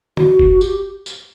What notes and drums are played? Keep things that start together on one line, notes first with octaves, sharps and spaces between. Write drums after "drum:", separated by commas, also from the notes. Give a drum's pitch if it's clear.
F#4, drum: tom
drum: kick F1
G4, drum: tambourine
drum: tambourine